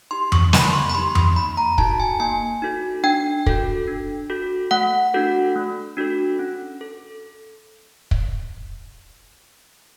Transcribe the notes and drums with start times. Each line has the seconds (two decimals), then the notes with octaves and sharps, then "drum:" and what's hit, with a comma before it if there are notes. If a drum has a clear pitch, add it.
0.11 D#4 G4 C6
0.32 C#6, drum: tom F2
0.53 B3 B5, drum: snare
0.63 C6
0.73 C#6
0.89 B5
0.94 D#4 G4 C6
1.15 C6, drum: tom F2
1.36 A#3 B5
1.57 A#5
1.78 D#4 F#4 A4 A5, drum: kick
2.00 G#5
2.20 A#3 G#5
2.62 D#4 F#4 A4
3.04 D4 G5
3.46 F#4 A4, drum: kick
3.87 D4
4.30 F#4 A4
4.71 A3 F#5
5.14 D4 F#4 A4
5.56 A3
5.97 D4 F#4 A4
6.39 C#4
6.81 A4
8.11 drum: kick